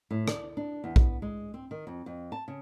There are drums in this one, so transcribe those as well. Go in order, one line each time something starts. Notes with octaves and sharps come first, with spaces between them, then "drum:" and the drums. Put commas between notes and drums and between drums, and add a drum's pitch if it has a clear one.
A2
D5, drum: rim click
D4
E2
B3, drum: kick A#1
G#3
C4
D#3
F2
F2
A5
C#3